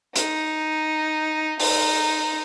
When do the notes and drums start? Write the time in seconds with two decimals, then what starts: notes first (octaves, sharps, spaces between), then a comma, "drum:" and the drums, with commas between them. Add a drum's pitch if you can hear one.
0.16 D#4, drum: hi-hat
1.60 D#4, drum: open hi-hat